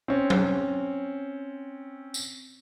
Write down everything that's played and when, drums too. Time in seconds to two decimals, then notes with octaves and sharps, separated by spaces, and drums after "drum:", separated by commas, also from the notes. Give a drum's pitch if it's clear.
0.08 C4 C#4
0.30 drum: tom F#3
2.14 drum: tambourine